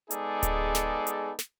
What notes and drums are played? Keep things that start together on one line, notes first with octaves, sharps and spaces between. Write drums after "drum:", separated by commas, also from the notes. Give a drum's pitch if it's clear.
G#3 B3 D#4 G#4 A4 D5, drum: hi-hat
drum: kick D1, hi-hat
drum: snare
drum: hi-hat
drum: snare